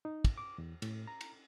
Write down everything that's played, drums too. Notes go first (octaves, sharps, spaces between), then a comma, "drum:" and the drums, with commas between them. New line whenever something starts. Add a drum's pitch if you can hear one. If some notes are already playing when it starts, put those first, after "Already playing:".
D#4
drum: kick, cymbal
D6
E2
A2, drum: cymbal
A#5
drum: cymbal